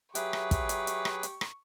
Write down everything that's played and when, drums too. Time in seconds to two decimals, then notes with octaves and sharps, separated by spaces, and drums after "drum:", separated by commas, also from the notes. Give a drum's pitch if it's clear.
0.15 F#3 G4 G#4 B4 E5 C#6, drum: hi-hat
0.33 drum: rim click
0.51 drum: kick, hi-hat
0.69 drum: hi-hat
0.87 drum: hi-hat
1.05 drum: rim click
1.23 drum: hi-hat
1.41 drum: rim click